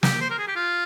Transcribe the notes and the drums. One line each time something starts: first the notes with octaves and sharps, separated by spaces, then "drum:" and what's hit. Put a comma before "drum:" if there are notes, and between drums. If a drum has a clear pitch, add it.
G4, drum: snare
C5
A#4
G#4
G4
F4